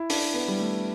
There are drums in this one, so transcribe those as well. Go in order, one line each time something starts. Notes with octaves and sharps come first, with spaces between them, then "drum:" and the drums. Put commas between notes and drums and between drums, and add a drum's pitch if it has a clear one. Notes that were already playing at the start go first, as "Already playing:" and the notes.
Already playing: E4
D4, drum: open hi-hat
B3
G3
A3